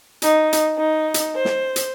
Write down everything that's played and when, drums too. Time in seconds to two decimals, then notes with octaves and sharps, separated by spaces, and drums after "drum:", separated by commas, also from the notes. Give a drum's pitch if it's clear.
0.22 D#4, drum: hi-hat
0.53 drum: hi-hat
0.78 D#4
1.14 drum: hi-hat
1.35 C5
1.45 drum: snare
1.76 drum: hi-hat